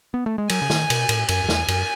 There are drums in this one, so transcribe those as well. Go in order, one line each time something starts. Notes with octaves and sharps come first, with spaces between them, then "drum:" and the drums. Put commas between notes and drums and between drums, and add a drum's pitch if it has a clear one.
B3
A3
G#3
F#3 G#5, drum: cymbal
C#3
D#3, drum: snare
B2, drum: cymbal
A2, drum: cymbal
F#2 G#5, drum: cymbal
F#2
E2, drum: snare
F#2, drum: cymbal